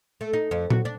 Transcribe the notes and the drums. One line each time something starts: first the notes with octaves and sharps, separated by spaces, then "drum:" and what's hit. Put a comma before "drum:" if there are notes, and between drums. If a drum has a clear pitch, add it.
A3
D#4
F2
F#4, drum: tom A#2
D4